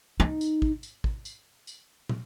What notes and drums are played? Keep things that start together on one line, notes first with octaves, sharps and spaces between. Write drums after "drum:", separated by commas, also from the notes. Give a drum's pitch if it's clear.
D#4
drum: tambourine
drum: kick
drum: tambourine
drum: kick
drum: tambourine
drum: tambourine
drum: tom